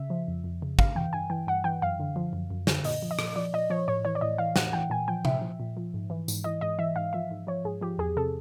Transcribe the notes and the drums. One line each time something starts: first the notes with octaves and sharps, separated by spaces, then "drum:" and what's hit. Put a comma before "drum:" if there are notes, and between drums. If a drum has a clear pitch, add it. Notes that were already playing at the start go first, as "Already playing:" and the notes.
Already playing: C#3 E5
F3
F2
F2
C#3
G2 F5, drum: kick
E3 G5
G2 G#5
E3 G5
G2 F#5
E3 G5
F#2 F5
D3
F3
F#2
F#2
D3, drum: snare
A#2 D#5, drum: open hi-hat
F3
D#5
A#2, drum: rim click
F3 D5
A#2 D#5
F3 C#5
A2 C#5
E3 C#5
D5
A2 D#5
E3 F5
A2 F#5, drum: snare
E3 G5
A#2 G#5
F3 G5
A#2 E5, drum: tom C3
F3
A#2
F3
G#2
E3
G#2, drum: tambourine
E3 D#5
G#2 D#5
E3 E5
G#2 F5
F3 E5
G#2
F3 C#5
G#2 G#4
F3 G4
E2 G#4
C3 A4